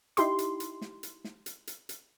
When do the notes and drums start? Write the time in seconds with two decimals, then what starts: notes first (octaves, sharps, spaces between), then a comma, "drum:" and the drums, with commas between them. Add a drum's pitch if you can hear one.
0.17 D#4 E4 G4 C6, drum: hi-hat
0.39 drum: hi-hat
0.60 drum: hi-hat
0.81 drum: snare
1.03 drum: hi-hat
1.24 drum: snare
1.46 drum: hi-hat
1.67 drum: hi-hat
1.89 drum: hi-hat